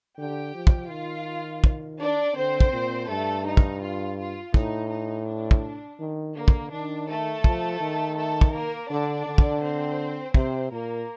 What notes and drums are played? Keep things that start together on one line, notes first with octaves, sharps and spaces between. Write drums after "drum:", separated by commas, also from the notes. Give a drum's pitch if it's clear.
D3 G4 G5
F3
drum: kick
D#3 F4 F5
drum: kick
D4 D5
D3 C4 C5
drum: kick
A#2
G2 A3 A4
D#4
drum: kick
F4
F4
A2 D#4, drum: kick
D#4
D4
drum: kick
D#3
D3 A#3
drum: kick
D#3 D4
A3 A4
F3, drum: kick
D#3
A3 A4
drum: kick
A#3 A#4
D3 D4 D5
D3
drum: kick
C4 C5
C3 C4 C5, drum: kick
A#2 A#3 A#4